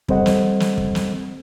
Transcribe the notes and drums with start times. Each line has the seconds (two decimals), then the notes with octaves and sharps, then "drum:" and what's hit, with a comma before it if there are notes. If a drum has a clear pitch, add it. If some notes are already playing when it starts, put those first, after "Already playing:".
0.08 G3 C4 A4 C5 D#5 F#5, drum: kick
0.26 drum: snare
0.60 drum: snare
0.78 drum: kick
0.95 drum: snare